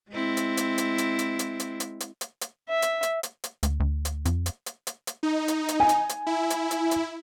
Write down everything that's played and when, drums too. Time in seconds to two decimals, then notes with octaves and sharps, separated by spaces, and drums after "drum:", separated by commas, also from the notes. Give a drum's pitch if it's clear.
0.11 G#3 C4 E4
0.37 drum: hi-hat
0.57 drum: hi-hat
0.78 drum: hi-hat
0.98 drum: hi-hat
1.19 drum: hi-hat
1.39 drum: hi-hat
1.60 drum: hi-hat
1.80 drum: hi-hat
2.00 drum: hi-hat
2.21 drum: hi-hat
2.41 drum: hi-hat
2.69 E5
2.82 drum: hi-hat
3.03 drum: hi-hat
3.23 drum: hi-hat
3.44 drum: hi-hat
3.63 D2, drum: hi-hat
3.80 D2
4.05 drum: hi-hat
4.25 F2, drum: hi-hat
4.46 drum: hi-hat
4.66 drum: hi-hat
4.87 drum: hi-hat
5.07 drum: hi-hat
5.23 D#4
5.48 drum: hi-hat
5.68 drum: hi-hat
5.80 G#5
5.89 drum: hi-hat
6.09 drum: hi-hat
6.27 E4
6.50 drum: hi-hat
6.71 drum: hi-hat
6.91 drum: hi-hat